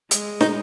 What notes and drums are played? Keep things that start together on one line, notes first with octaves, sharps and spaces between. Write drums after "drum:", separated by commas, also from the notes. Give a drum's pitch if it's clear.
G#3, drum: hi-hat
D#4, drum: snare